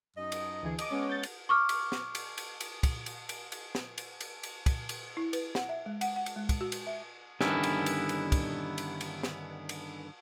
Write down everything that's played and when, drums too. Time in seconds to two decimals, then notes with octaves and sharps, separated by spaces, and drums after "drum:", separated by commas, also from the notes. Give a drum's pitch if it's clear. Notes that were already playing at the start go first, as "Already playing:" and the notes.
0.17 F#2 D#4 D#5
0.32 drum: cymbal
0.63 D2 E3 G#4
0.79 D#5 D6, drum: cymbal
0.91 G#3 B3 C#4
1.09 G6 A6
1.23 drum: cymbal
1.49 C#6 D6 F6
1.69 drum: cymbal
1.92 drum: snare
2.15 drum: cymbal
2.38 drum: cymbal
2.60 drum: cymbal
2.83 drum: kick, cymbal
3.06 drum: cymbal
3.29 drum: cymbal
3.52 drum: cymbal
3.75 drum: snare
3.98 drum: cymbal
4.21 drum: cymbal
4.43 drum: cymbal
4.66 drum: kick, cymbal
4.89 drum: cymbal
5.17 E4
5.33 B4, drum: cymbal
5.55 F#5, drum: snare
5.69 E5
5.86 G#3
6.01 F#5, drum: cymbal
6.16 F#5
6.26 drum: cymbal
6.36 G#3
6.49 drum: kick, cymbal
6.61 F#4
6.72 drum: cymbal
6.87 E5
7.41 G2 D3 D#3 B3 C#4 E4, drum: snare
7.63 drum: cymbal
7.86 drum: cymbal
8.09 drum: cymbal
8.32 drum: kick, cymbal
8.78 drum: cymbal
9.01 drum: cymbal
9.23 drum: snare
9.69 drum: cymbal